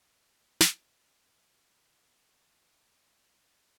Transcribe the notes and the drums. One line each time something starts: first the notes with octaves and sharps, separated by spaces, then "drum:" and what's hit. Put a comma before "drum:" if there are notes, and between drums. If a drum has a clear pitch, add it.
F#4 G4 C#5 D#5 F#5 G#5
drum: snare
G6 G#6 B6